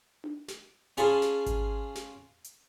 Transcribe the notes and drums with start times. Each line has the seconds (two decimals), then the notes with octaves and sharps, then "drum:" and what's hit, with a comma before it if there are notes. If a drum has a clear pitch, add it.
0.24 drum: tom D4
0.48 drum: snare
0.97 C#4 F4 G#4 A5 B5 C6, drum: hi-hat
1.22 drum: snare
1.46 drum: kick G#1, hi-hat
1.95 drum: snare
2.44 drum: hi-hat